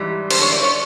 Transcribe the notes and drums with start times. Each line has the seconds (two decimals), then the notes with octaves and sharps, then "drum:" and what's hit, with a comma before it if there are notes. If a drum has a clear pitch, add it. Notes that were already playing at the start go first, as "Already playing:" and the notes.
Already playing: G#2 E3 G3
0.31 C5, drum: cymbal
0.41 C#5
0.52 D5
0.63 C#5